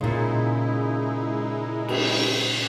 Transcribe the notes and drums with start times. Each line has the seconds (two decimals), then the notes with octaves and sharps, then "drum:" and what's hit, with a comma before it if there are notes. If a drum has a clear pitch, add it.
0.01 A#2 C#3 G#3 D#4 E4
1.88 drum: cymbal